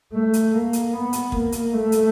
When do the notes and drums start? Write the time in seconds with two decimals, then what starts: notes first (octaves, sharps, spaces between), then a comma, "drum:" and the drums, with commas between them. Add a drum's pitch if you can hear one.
0.13 A3
0.33 drum: hi-hat
0.53 A#3
0.73 drum: hi-hat
0.93 B3
1.13 drum: hi-hat
1.32 A#3, drum: kick
1.52 drum: hi-hat
1.72 A3
1.92 drum: hi-hat